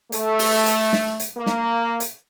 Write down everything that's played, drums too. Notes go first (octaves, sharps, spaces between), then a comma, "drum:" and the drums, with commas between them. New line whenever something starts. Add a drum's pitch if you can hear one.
A3, drum: hi-hat
drum: open hi-hat
drum: hi-hat
drum: snare
drum: hi-hat
A#3
drum: snare
drum: hi-hat